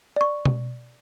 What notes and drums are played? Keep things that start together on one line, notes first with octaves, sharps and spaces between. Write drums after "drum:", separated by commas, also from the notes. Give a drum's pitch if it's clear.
D5 C#6
drum: tom B2